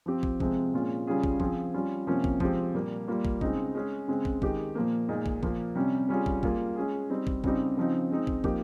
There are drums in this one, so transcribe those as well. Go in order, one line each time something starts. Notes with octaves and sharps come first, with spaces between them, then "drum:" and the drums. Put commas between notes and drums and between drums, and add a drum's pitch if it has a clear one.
F3 C4 G4
drum: kick
C3 F3 G#3 C4, drum: kick
A#2 G#3 C#4 F4
C#3 G3 C#4 F4 G#4
drum: kick
F3 C4 F4 G#4, drum: kick
G3 C#4 F4
C3 F3 A#3 C#4
drum: kick
F3 G#3 C4 G4, drum: kick
A#2 G3 A#3
G3 A#3 F4
drum: kick
C#3 G#3 C4 D#4, drum: kick
G#3 C#4 G#4
C#3 G#3 C4
drum: kick
D#3 G#3 D#4 G4, drum: kick
A#2 F3 A#3
A#2 G#3 D#4
drum: kick
A#2 F3 A#3, drum: kick
C3 G3 C#4
G3 C#4 F4 G#4
drum: kick
G3 A#3 F4 G#4, drum: kick
G#3 C#4 G#4
G3 C4 D#4
drum: kick
C#3 G3 C4 D#4 G4, drum: kick
C#3 F3 C4 D#4
G#3 C4 D#4
drum: kick
F3 A#3 D#4 G4, drum: kick